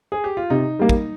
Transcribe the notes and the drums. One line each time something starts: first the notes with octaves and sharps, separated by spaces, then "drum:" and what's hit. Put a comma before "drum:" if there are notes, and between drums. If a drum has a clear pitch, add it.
G#4
G4
F4
C3 D#4
G3 A#3
drum: kick